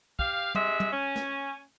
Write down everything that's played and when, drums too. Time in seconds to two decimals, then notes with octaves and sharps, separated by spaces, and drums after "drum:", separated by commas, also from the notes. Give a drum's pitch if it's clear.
0.19 G4 F5, drum: kick
0.55 C3 G#3 E5, drum: tom
0.80 drum: tom
0.91 C#4
1.16 drum: snare